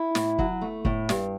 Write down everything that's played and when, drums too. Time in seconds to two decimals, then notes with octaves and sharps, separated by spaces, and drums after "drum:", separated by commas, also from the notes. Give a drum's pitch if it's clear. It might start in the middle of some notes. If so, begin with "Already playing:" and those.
Already playing: E4
0.15 A2, drum: snare
0.39 F#3, drum: kick
0.61 A3
0.85 A2, drum: kick
1.09 G2, drum: snare